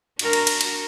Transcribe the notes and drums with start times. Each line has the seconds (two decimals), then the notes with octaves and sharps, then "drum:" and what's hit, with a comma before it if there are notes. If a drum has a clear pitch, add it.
0.19 D4 F#4 A#4, drum: cymbal
0.33 drum: cymbal
0.47 drum: cymbal
0.61 drum: cymbal